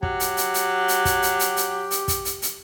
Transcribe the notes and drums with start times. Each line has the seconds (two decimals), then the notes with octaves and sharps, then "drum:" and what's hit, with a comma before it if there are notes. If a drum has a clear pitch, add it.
0.03 F#3 G4, drum: kick
0.20 drum: hi-hat
0.37 drum: hi-hat
0.54 drum: hi-hat
0.88 drum: hi-hat
1.05 drum: kick, hi-hat
1.22 drum: hi-hat
1.39 drum: hi-hat
1.57 drum: hi-hat
1.91 drum: hi-hat
2.08 drum: kick, hi-hat
2.25 drum: hi-hat
2.42 drum: hi-hat